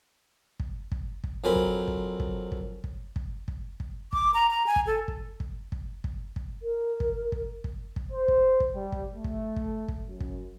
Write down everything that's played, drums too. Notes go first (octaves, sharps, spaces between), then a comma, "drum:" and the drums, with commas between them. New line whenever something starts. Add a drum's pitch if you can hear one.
drum: kick
drum: kick
drum: kick
F2 F#3 C4 A#4 G#5 B5
drum: kick
drum: kick
drum: kick
drum: kick
drum: kick
drum: kick
drum: kick
drum: kick
D6, drum: kick
A#5
A#5
G#5
drum: kick
A4
drum: kick
drum: kick
drum: kick
drum: kick
drum: kick
A#4
drum: kick
drum: kick
drum: kick
drum: kick
C5
drum: kick
drum: kick
G3
drum: kick
A3
drum: kick
drum: kick
drum: kick
F#2
drum: kick